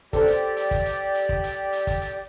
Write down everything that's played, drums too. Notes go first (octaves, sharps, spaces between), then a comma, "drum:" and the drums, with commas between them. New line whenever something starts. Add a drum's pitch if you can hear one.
G4 A4 C5 D5, drum: kick, hi-hat
drum: hi-hat
drum: hi-hat
drum: kick, hi-hat
drum: hi-hat
drum: hi-hat
drum: kick
drum: hi-hat
drum: hi-hat
drum: kick, hi-hat
drum: hi-hat